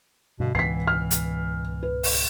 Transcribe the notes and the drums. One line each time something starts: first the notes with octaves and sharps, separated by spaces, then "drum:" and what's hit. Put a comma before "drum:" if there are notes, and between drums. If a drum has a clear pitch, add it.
G2 B2 D3
C#2 G#2 B2 E3 B6 C7
F6
drum: hi-hat
B4
drum: open hi-hat